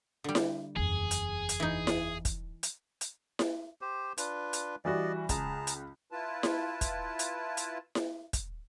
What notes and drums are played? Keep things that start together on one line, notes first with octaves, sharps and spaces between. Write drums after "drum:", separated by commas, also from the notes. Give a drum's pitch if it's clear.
D3 G3
drum: snare E4
F#1 E2 G#4
drum: hi-hat
drum: hi-hat
E3 D#4
drum: snare E4
drum: kick, hi-hat
drum: hi-hat
drum: hi-hat
drum: snare E4
G4 C5
D4 F4 B4, drum: hi-hat
drum: hi-hat
E3 G3 F#4 D5 D#5
C#2 G#4 A5 A#5, drum: kick, hi-hat
drum: hi-hat
E4 F4 B4 A5
drum: snare E4
drum: kick, hi-hat
drum: hi-hat
drum: hi-hat
drum: snare E4
drum: kick, hi-hat